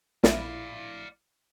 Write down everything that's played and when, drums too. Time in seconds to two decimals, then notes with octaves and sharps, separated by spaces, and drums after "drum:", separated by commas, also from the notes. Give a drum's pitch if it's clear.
0.23 A#1 E4 D5 F5, drum: snare